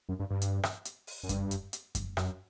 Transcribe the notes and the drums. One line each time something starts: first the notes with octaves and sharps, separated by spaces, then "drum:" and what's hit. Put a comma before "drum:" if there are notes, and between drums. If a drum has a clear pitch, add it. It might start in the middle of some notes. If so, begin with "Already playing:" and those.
F#2
G2
G2
drum: hi-hat
drum: rim click
drum: hi-hat
drum: open hi-hat
F#2
G2, drum: kick F#2, hi-hat
drum: hi-hat
drum: hi-hat
drum: kick F#2, hi-hat
F#2, drum: rim click